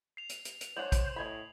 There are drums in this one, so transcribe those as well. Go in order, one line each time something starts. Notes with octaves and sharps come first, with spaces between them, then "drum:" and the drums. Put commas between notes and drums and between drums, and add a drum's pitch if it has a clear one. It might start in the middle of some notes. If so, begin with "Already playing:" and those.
C7 F7
drum: hi-hat
drum: hi-hat
drum: hi-hat
G#3 D4 C5 C#5 F#5 F#7
drum: kick, hi-hat
A2 D#5 G#5 B5